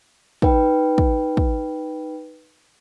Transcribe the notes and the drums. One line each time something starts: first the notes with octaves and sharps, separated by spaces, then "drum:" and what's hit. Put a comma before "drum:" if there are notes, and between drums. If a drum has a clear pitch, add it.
D#4 B4 G5, drum: kick
drum: kick
drum: kick